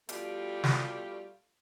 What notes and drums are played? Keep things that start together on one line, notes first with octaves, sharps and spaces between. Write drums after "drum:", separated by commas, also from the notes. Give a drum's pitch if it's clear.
B2 G3 A3 F4 G4, drum: hi-hat
drum: snare